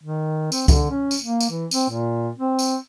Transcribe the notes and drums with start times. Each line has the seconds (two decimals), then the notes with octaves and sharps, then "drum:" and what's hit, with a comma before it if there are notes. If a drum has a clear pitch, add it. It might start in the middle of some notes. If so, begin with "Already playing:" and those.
0.03 D#3
0.52 C4, drum: tambourine
0.68 D3, drum: kick C#2, tambourine
0.90 C#4
1.11 drum: tambourine
1.22 A#3
1.40 drum: tambourine
1.50 E3
1.71 C4, drum: tambourine
1.90 A#2
2.38 C4
2.59 drum: tambourine